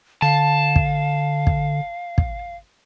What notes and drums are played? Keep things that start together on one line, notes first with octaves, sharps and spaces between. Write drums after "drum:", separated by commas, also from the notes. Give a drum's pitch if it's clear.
D3 F5 A5
drum: kick
drum: kick
drum: kick